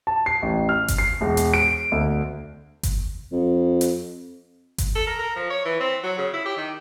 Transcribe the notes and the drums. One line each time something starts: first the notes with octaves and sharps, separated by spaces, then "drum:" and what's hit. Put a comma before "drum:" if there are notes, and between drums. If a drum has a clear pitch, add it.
A5
C7
A1
F6
drum: kick G1, hi-hat
C7
E1
drum: hi-hat
D7
D2
drum: kick G1, hi-hat
F2
drum: hi-hat
drum: kick G1, hi-hat
A4
A#4
A#4
F3
C#5
E3
C4
F#3
C#3
E4
G4
D#3